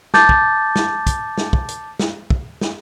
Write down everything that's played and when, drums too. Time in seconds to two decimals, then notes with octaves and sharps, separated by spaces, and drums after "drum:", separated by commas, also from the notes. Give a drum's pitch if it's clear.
0.14 A5 D6 G6 A6, drum: snare
0.29 drum: kick
0.76 drum: snare
1.07 drum: kick, hi-hat
1.38 drum: snare
1.53 drum: kick
1.69 drum: hi-hat
1.99 drum: snare
2.30 drum: kick
2.61 drum: snare